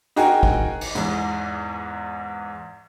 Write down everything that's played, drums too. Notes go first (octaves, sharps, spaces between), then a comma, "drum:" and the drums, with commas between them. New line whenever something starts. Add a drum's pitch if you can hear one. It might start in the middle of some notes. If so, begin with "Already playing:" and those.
D#4 F#4 G#4 A#4 G5 G#5, drum: hi-hat
drum: kick
drum: cymbal
E2 G#2, drum: hi-hat